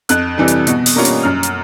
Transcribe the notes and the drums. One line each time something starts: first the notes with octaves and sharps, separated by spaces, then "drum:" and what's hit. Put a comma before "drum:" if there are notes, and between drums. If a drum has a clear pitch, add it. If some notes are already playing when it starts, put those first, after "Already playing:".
F2 F#6, drum: hi-hat
C3 E3 G3
drum: hi-hat
B2, drum: hi-hat
drum: open hi-hat
G3 A#3 C#4 F4
drum: hi-hat
F#2 F6
drum: hi-hat